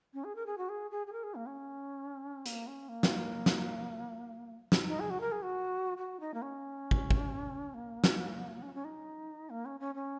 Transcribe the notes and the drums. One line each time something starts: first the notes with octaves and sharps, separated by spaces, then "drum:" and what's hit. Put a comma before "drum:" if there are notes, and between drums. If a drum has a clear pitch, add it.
C#4
G#4
A#4
G#4
F#4
G#4
G#4
G#4
A#4
G#4
A#3
C#4
A#3, drum: hi-hat
C#4
A#3
drum: snare
drum: snare
drum: snare
D#4
G#4
F#4
A#4
G#4
F#4
F#4
D#4
A#3
C#4
drum: kick
drum: kick
A#3
drum: snare
C#4
C#4
D#4
A#3
C#4
C#4
C#4